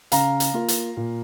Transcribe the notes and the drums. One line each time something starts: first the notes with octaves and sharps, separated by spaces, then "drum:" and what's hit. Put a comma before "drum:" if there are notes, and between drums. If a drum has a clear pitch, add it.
C#3 F5 A#5, drum: hi-hat
drum: hi-hat
A#3 F4
drum: hi-hat
A#2